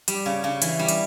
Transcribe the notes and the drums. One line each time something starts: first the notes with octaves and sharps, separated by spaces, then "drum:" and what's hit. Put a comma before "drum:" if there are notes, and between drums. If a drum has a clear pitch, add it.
G3, drum: hi-hat
C#3
C#3
E3, drum: hi-hat
G3
drum: hi-hat